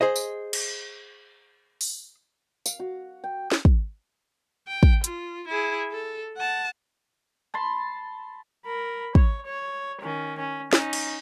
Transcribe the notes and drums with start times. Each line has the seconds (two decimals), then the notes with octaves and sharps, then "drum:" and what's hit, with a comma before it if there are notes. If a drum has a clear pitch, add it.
0.01 G#4 C5 D#5
0.16 drum: tambourine
0.53 drum: cymbal
1.81 drum: open hi-hat
2.66 F5, drum: tambourine
2.79 F#4
3.24 G5
3.52 drum: snare
3.65 drum: kick
4.68 G5
4.83 drum: kick
5.04 F4, drum: hi-hat
5.48 E4 G#4
5.92 A4
6.37 F#5 A5
7.54 A5 B5 C6
8.66 A#4 B5
9.15 C#5, drum: kick
9.46 C#5
10.01 D#3 C#4
10.39 C#4
10.73 C#4 D#4, drum: snare
10.93 drum: cymbal